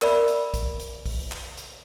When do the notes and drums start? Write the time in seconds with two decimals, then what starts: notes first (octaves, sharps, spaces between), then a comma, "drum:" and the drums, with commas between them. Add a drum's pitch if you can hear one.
0.02 A#4 D5 E5 B5, drum: clap
0.28 drum: hi-hat
0.54 drum: kick, hi-hat
0.80 drum: hi-hat
1.06 drum: kick, open hi-hat
1.31 drum: clap
1.57 drum: hi-hat